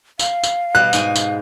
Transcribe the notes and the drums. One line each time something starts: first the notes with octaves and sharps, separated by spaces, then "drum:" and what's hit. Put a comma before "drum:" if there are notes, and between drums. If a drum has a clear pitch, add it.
F5, drum: tambourine
drum: tambourine
B2 G3 F#6
G#2 G#5, drum: tambourine
drum: tambourine